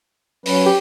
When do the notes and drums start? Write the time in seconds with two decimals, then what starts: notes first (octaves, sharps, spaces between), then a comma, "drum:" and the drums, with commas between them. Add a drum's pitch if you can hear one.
0.46 F#3 C#4 B4, drum: open hi-hat
0.66 G4